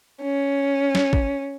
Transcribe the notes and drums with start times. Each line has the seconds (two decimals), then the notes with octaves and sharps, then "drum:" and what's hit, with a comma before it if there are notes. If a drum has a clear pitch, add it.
0.22 C#4
0.95 drum: snare
1.13 drum: kick